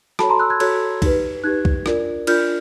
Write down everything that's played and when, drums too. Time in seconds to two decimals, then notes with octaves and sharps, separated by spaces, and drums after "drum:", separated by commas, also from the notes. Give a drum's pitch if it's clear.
0.19 F#4 A4 C#5 A5 B5, drum: rim click
0.29 A#5 C6
0.40 E6 F#6
0.50 F#6 G#6
0.60 F#4 A4 C#5 F#6 G#6, drum: cymbal
1.02 D#4 G4 B4, drum: kick B1, cymbal
1.44 D#4 G4 B4 F#6 G#6
1.65 drum: kick B1
1.86 D4 F4 A#4 D5, drum: rim click
2.27 D4 F4 A#4 D5 F6 G6, drum: cymbal